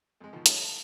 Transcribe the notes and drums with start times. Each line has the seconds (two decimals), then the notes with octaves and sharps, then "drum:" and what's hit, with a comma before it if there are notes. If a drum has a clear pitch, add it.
0.21 F2 G#3
0.33 B2 D#3 F3
0.46 G3 A3 C#4 D#4, drum: hi-hat
0.64 A5